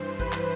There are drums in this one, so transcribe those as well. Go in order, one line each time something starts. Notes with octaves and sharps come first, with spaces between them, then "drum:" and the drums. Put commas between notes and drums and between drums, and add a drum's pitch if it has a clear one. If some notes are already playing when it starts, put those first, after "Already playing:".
Already playing: G2 E3 C5
B4, drum: kick
drum: clap